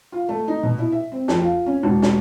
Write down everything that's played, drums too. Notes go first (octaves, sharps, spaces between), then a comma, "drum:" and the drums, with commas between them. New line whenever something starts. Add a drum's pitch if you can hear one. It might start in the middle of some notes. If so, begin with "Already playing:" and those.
F4
A3
D#4
B2
E4
E5
C4
F2, drum: snare
F4
C#4
E1
drum: snare